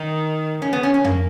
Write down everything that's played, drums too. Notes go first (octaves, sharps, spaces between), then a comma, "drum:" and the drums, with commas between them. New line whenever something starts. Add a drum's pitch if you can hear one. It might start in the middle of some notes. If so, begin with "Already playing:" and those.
Already playing: D#3 D#4
C#3 C#4
B3
C#4
C#4
A#3, drum: tom